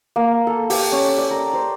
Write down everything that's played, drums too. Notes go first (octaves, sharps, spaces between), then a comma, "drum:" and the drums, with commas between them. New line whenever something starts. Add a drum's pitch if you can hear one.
A#3
A4
G4, drum: open hi-hat
C#4
D5
A#4
C5